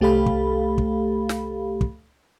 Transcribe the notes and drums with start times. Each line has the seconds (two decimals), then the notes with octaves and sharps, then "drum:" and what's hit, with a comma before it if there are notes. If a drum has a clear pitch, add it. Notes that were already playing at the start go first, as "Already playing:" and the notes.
0.01 C2 A3 G4 A4 F5 B5
0.26 drum: kick
0.78 drum: kick
1.29 drum: snare
1.81 drum: kick